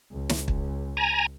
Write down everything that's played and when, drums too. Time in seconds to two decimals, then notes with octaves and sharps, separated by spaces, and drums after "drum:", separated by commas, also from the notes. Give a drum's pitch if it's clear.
0.11 C#2
0.29 drum: snare
0.48 drum: kick
0.97 G#5 A#5